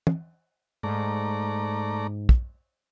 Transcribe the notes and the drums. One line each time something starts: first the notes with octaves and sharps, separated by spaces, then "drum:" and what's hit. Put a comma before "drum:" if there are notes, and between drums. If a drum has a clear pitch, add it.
drum: tom
G#2 A3 D5 A#5
drum: kick